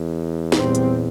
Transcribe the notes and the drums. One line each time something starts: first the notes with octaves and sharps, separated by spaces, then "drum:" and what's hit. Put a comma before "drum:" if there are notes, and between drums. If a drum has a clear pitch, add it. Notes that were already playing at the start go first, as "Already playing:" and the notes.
Already playing: E2
A#2 G3 C4, drum: snare
drum: hi-hat